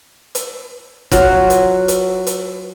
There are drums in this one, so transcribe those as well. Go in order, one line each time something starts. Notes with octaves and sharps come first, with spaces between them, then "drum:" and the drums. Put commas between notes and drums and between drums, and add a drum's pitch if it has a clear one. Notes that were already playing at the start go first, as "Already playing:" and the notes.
drum: hi-hat
F#3 F4 F#4, drum: kick, hi-hat
drum: hi-hat
drum: hi-hat
drum: hi-hat